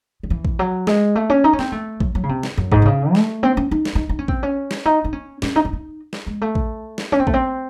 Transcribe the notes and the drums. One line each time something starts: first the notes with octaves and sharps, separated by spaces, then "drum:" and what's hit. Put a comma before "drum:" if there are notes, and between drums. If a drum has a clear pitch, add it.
D#3
E3
drum: kick A#1
F#3
G#3, drum: snare
A3
C#4
D#4
C#4
C4, drum: snare
A3
F#3, drum: kick A#1
F#3
C#3
C3
drum: snare
F#2
G#2, drum: kick A#1
C3
C#3
A3, drum: snare
C4
C#4
D#4
drum: snare
D#4
D#4
C#4
C4, drum: kick A#1
C#4
drum: snare
D#4
D#4
C#4
C#4, drum: snare
D#4
C#4
D#4
drum: snare
G#3
A3
drum: kick A#1
drum: snare
C#4
C4
A3, drum: kick A#1
C4